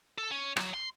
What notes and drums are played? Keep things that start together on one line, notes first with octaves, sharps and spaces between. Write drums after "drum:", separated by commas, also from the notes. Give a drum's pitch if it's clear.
A4
C#4
F#3, drum: rim click
C6